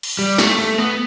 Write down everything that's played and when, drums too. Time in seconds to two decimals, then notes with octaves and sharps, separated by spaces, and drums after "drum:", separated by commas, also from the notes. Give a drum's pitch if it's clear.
0.03 drum: cymbal
0.19 G3
0.38 A3, drum: snare
0.58 A3, drum: open hi-hat
0.78 B3